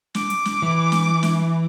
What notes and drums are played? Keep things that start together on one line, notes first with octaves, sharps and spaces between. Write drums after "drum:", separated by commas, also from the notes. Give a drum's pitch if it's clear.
D6, drum: snare
drum: hi-hat
drum: snare
E3
drum: snare
drum: snare